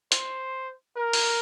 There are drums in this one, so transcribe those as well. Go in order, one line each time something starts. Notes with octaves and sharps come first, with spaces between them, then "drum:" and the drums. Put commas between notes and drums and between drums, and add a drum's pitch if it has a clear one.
C5, drum: hi-hat
A#4
drum: open hi-hat